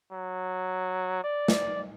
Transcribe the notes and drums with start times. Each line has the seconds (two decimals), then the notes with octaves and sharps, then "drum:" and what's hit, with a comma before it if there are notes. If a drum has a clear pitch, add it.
0.12 F#3
1.24 D5
1.48 drum: snare